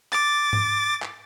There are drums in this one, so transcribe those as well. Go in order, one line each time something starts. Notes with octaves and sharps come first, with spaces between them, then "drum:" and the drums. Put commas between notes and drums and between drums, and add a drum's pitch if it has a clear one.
D6 A6, drum: clap
drum: tom G#2
drum: clap